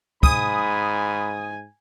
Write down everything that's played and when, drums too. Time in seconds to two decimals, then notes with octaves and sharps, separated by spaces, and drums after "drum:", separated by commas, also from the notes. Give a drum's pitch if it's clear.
0.23 G#2 G#5 B5 D#6, drum: kick